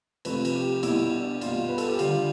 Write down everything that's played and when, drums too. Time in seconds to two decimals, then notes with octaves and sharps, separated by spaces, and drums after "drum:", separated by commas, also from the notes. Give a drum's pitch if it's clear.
0.25 C3 F3 A3 B4, drum: cymbal
0.45 drum: cymbal
0.55 G4
0.83 B2 G3 E4, drum: cymbal
1.12 D4
1.41 B2 G3 F4, drum: cymbal
1.69 B4
1.78 A4, drum: cymbal
1.88 G4
1.99 D3 G3 F4, drum: cymbal